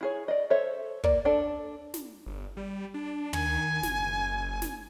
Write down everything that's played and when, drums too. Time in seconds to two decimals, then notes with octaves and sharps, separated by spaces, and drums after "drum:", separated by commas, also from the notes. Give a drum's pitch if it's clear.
0.01 E4 G#4 C#5
0.28 D5 D#5
0.50 A4 C5 C#5 E5
1.04 A#3 D5, drum: kick
1.25 D4 A4 D5 A5
1.94 drum: snare
2.26 G1
2.57 G3
2.94 D4
3.33 D#3 G#5, drum: tom
3.83 F#1, drum: snare
4.62 drum: snare